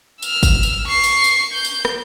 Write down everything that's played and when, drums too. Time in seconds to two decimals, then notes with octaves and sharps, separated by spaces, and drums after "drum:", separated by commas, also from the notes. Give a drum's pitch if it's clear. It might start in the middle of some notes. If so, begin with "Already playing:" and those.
0.22 E6 F6, drum: tambourine
0.43 drum: kick, tambourine
0.63 drum: tambourine
0.87 C#6 C7
1.04 drum: tambourine
1.24 drum: tambourine
1.53 G6
1.64 drum: tambourine
1.85 drum: rim click